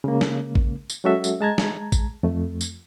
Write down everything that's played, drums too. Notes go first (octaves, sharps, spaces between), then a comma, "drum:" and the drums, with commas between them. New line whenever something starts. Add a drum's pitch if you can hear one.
C#3 G#3 A#3
drum: snare
drum: kick A1
drum: tambourine
F#3 G#3 C#4 F#4 A4 E5
drum: tambourine
G#3 A5 A#5 G#6
drum: snare
drum: kick A1, tambourine
F2 A3
drum: tambourine